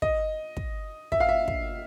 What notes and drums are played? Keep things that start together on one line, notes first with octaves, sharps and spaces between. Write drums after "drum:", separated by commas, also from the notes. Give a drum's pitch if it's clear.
D#5, drum: kick
drum: kick
E5, drum: kick
F5
E5
drum: kick